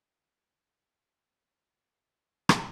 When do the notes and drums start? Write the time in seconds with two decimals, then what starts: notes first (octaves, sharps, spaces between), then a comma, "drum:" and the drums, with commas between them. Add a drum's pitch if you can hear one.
1.86 C4 A4 D5 G#5
2.49 drum: rim click